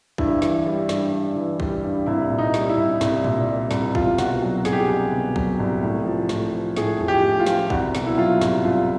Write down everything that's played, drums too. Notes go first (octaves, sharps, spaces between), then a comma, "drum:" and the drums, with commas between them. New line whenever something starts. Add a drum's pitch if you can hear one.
G2 E4, drum: kick
E3, drum: snare
G3
G2, drum: snare
G2
E3
G3, drum: kick
G2
C2 E4
A#2
D#4
G3, drum: snare
E4
C2
C2, drum: snare
A#2, drum: tom A#2
G3
C2, drum: snare
C2 F4, drum: kick
B2 F#4, drum: snare
F#3
C2 G#4, drum: snare
G4
G#4
C2
B2
F#3, drum: kick
C2
A2
F3
A2, drum: snare
F3
A2 G#4, drum: snare
F3, drum: tom E2
G4
A2
F4
F3, drum: snare
C2 F#4, drum: kick
B2, drum: snare
E4
F#3 F4
C2, drum: snare
C2 F4